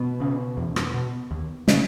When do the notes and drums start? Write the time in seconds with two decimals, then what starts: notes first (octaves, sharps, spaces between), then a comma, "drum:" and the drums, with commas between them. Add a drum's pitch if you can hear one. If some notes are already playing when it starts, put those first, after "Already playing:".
Already playing: B2 B3
0.20 C#3
0.57 E2
0.76 drum: rim click
0.94 B2
1.31 D#2
1.68 C#3, drum: snare